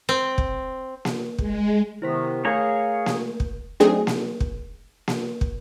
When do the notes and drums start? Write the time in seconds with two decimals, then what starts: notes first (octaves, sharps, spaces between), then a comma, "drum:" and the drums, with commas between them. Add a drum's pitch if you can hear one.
0.09 C4
0.38 drum: kick
1.05 drum: snare A#3
1.38 G#3, drum: kick
2.02 C3 D#3 B3 E4 C5 B6
2.45 A3 G#4 A#4 C#5 F5 A#5 G6
3.06 drum: snare A#3
3.40 drum: kick
3.80 F#3 A3 C4 D4 D#4 G#4
4.07 drum: snare A#3
4.40 drum: kick
5.08 drum: snare A#3
5.41 drum: kick